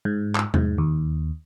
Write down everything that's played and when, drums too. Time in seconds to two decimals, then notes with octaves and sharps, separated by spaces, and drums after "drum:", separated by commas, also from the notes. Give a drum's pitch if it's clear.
0.05 G#2
0.35 drum: clap
0.54 G#2, drum: tom E2
0.78 D#2